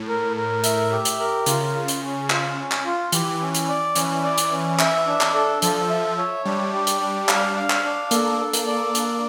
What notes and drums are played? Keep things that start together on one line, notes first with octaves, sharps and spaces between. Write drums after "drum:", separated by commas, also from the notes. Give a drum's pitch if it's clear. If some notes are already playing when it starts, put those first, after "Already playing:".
Already playing: A2
A#4
A#4
E5, drum: hi-hat
G4
drum: hi-hat
A#4
C#3 F4, drum: hi-hat
F4
drum: hi-hat
C#4
F4, drum: clap
C#4
drum: clap
F4
E3 G4, drum: hi-hat
C#4
drum: hi-hat
D5
E3 C#4, drum: hi-hat
D5
drum: hi-hat
C#4
E5, drum: clap
D4
drum: clap
A4
F3 A4, drum: hi-hat
E5
C#5
G3 D4
G4
drum: hi-hat
D4
F5, drum: clap
F5
drum: clap
D4
A#3 A4, drum: hi-hat
A4
A#3, drum: hi-hat
D5
D4, drum: hi-hat